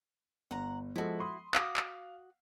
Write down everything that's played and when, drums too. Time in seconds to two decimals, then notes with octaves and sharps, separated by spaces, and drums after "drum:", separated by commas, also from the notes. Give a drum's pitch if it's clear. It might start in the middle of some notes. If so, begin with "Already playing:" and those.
0.51 G1 F#5 A#5
0.96 F3 G#3 E4 F#4 A4
1.20 B5 C6 D#6
1.55 F#4 F5 D6 D#6, drum: clap
1.76 drum: clap